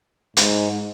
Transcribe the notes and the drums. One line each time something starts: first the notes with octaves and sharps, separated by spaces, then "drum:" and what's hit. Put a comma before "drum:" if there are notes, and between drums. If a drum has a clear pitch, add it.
G#2, drum: hi-hat